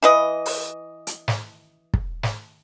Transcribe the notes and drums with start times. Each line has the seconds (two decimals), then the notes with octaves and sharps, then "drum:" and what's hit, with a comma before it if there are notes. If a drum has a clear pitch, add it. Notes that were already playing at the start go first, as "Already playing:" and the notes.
0.03 E3 B4 D#5
0.46 drum: open hi-hat
1.07 drum: hi-hat
1.28 drum: snare
1.94 drum: kick
2.23 drum: snare